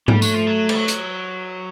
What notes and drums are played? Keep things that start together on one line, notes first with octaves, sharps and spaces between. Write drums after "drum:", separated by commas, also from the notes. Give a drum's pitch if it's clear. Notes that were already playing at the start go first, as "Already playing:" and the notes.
G3 A3, drum: tom G#2
F#3, drum: tambourine
F3
F#3
G3, drum: cymbal
F#3
drum: hi-hat